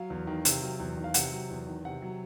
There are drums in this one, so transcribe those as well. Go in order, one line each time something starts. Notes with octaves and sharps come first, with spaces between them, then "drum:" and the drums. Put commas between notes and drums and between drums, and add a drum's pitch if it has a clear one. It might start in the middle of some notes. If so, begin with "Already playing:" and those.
Already playing: F#3 F5
E2
D#3
C3, drum: hi-hat
F#3
E2
D#3
F5
C3 F#5, drum: hi-hat
F#3
E2
D#3
C3 F#5
F#3